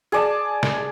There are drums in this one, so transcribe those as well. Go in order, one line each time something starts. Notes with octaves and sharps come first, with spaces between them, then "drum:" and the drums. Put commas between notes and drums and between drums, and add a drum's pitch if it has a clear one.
G#4 D5 A5
drum: snare